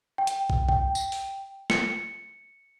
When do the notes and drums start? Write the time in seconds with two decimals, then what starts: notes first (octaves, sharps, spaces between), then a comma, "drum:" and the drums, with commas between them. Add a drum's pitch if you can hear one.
0.18 G5
0.27 drum: hi-hat
0.50 drum: kick
0.69 G5, drum: kick
0.95 drum: tambourine
1.12 drum: open hi-hat
1.70 C#7, drum: snare